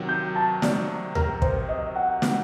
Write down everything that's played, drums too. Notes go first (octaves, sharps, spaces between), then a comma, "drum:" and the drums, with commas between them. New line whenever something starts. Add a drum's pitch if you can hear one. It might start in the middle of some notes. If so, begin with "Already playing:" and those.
Already playing: C3 D#3 F#3
G6
A5
D5, drum: snare
A#4, drum: tom D2
C5, drum: kick
D#5
F#5
drum: snare